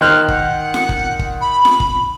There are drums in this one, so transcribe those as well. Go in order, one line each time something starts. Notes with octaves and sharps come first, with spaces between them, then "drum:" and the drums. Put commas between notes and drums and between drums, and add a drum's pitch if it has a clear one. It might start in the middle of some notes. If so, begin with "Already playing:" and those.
D#3 C5 F6 F#6
F#5, drum: kick
drum: snare F4
drum: kick
drum: kick
B5
drum: snare F4
drum: kick